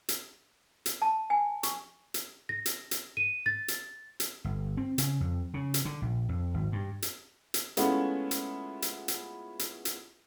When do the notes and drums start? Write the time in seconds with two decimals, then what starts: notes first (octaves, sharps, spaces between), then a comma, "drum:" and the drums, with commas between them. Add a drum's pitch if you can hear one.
0.09 drum: hi-hat
0.86 drum: hi-hat
1.02 A5
1.30 G#5
1.63 C#6, drum: hi-hat
2.14 drum: hi-hat
2.49 A#6
2.66 drum: hi-hat
2.91 drum: hi-hat
3.17 D#7
3.46 A6
3.68 drum: hi-hat
4.20 drum: hi-hat
4.44 G1
4.77 C4
4.98 C#3, drum: hi-hat
5.20 F2
5.54 C#3
5.74 drum: hi-hat
5.85 D3
6.02 A#1
6.29 F2
6.54 G#1
6.72 G2
7.02 drum: hi-hat
7.54 drum: hi-hat
7.77 G#3 A3 B3 C#4 E4 F4, drum: hi-hat
8.31 drum: hi-hat
8.82 drum: hi-hat
9.08 drum: hi-hat
9.59 drum: hi-hat
9.85 drum: hi-hat